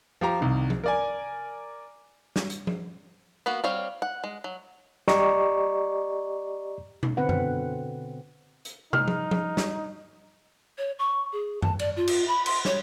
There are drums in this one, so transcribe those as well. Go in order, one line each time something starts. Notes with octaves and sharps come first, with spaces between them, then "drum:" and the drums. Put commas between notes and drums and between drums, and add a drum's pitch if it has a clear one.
F3 G4 A#5
C2 D#3
drum: tom F3
A#4 D5 G#5
drum: snare
drum: hi-hat
drum: tom F3
A#3 B3 F#4
G3 C4 C#5 F5
F#5
G#3
F#3
G4 D5 D#5 A#5 C#6, drum: snare
drum: tom B2
B2 D3 C4 B4 F#5
drum: tom F#2
drum: hi-hat
D#4 F6, drum: tom
drum: tom F3
drum: tom F3
drum: snare
C#5
C#6
G#4
A5, drum: tom F#2
D5, drum: cymbal
F4
drum: cymbal
B5
C6, drum: cymbal
C#5, drum: snare